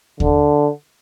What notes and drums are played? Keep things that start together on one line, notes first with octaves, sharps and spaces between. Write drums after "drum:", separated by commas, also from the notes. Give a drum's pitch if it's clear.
D3, drum: kick D#2